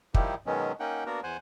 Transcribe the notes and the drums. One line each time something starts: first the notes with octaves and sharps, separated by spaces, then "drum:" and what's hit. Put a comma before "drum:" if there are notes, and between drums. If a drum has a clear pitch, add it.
D#3 F3 G3 D#4 E4 G4, drum: kick
B2 D#3 F#3 G#3 B3 C#4
A#3 C#4 D#4 F#5 G5
A#3 B3 D4 F#4 A#4
E2 C5 F#5 G#5